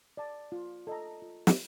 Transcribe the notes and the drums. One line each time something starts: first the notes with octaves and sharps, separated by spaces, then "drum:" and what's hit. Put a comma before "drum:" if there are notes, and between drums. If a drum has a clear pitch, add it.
D5 A5
F4
A4 D#5 A#5
F4
drum: snare